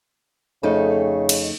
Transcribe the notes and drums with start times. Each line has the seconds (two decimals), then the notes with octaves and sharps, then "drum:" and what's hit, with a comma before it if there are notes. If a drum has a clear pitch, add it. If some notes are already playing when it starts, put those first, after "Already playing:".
0.63 F2 C#3 A3 D#4
1.29 drum: cymbal